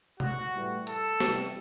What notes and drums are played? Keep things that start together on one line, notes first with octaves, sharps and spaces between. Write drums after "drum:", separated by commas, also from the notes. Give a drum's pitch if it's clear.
F#4, drum: tom C3
A2 E3 G3
A4, drum: hi-hat
C2 C3 E3 G3, drum: snare